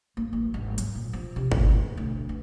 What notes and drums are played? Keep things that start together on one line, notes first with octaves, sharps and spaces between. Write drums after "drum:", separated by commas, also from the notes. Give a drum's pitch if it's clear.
A#3
A1
G#1
F#3, drum: hi-hat
A#2
F3
C3
D2, drum: kick
B2
D2
E3